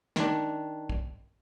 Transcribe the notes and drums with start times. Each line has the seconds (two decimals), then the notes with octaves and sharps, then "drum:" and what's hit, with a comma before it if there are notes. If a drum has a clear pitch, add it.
0.16 D#3 D4, drum: snare
0.89 drum: kick